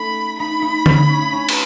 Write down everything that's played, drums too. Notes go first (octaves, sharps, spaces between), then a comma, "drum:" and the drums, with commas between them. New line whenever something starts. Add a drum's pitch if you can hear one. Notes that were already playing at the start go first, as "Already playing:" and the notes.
Already playing: A3 C#4 D#4 B5
D#4 B5
D#4
C#4, drum: tom D3
D#4
C#4
D#4
C#4
drum: cymbal